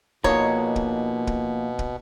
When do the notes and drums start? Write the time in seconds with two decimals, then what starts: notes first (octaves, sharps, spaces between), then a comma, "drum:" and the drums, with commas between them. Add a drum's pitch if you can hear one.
0.24 B2 F3 A#3 D#4 C#5, drum: kick
0.76 drum: kick
1.27 drum: kick
1.79 drum: kick